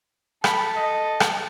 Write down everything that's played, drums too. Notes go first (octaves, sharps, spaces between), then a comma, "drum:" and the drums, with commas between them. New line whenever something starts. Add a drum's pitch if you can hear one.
A4 B5, drum: rim click
D#5
drum: rim click